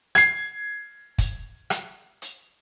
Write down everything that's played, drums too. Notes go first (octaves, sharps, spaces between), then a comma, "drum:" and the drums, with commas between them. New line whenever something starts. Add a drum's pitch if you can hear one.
G#6 C7, drum: rim click
drum: kick, hi-hat
drum: rim click
drum: hi-hat